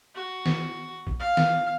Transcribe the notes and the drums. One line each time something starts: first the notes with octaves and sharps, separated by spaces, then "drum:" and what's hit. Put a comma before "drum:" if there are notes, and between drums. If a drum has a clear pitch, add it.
F#4
drum: snare
drum: kick
F5
drum: snare